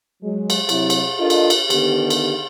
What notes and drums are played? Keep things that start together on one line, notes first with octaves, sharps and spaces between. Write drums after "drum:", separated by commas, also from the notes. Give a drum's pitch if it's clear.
F#3 G#3
drum: cymbal
C3 F#3 E4, drum: cymbal
drum: cymbal
D4 F4 A4 A#4 D#5
drum: cymbal
drum: cymbal
D3 D#3 B3 G4, drum: cymbal
drum: cymbal